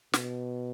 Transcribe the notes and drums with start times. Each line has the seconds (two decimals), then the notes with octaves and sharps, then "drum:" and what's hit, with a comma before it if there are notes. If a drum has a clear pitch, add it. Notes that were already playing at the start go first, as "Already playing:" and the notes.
0.13 B2, drum: snare